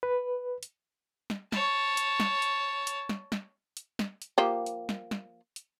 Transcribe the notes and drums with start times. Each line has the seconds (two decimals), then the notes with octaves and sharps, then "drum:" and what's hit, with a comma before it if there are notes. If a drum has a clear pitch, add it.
0.03 B4
0.63 drum: hi-hat
1.30 drum: snare
1.52 C#5 A5, drum: snare
1.97 drum: hi-hat
2.20 drum: snare
2.42 drum: hi-hat
2.87 drum: hi-hat
3.09 drum: snare
3.32 drum: snare
3.77 drum: hi-hat
3.99 drum: snare
4.22 drum: hi-hat
4.38 F3 A#3 G4
4.66 drum: hi-hat
4.89 drum: snare
5.11 drum: snare
5.56 drum: hi-hat